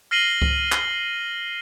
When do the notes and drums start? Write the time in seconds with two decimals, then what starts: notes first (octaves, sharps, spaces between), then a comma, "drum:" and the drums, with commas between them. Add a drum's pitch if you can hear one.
0.11 F6 A#6 C7 D#7 F#7 G7
0.42 drum: kick C#2
0.72 drum: clap